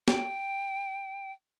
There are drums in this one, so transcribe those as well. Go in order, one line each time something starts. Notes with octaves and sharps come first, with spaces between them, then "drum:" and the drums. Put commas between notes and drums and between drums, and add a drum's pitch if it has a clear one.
G5, drum: snare